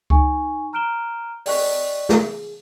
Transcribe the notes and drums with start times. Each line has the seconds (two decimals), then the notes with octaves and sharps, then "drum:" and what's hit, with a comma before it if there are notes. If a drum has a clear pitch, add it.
0.10 D#4 G#5 C#6, drum: kick C#2
0.73 A#5 F6 F#6 D7 E7 G7
1.46 D5 D#5 G5 C#6 F#6 B6, drum: open hi-hat
2.09 G#4, drum: snare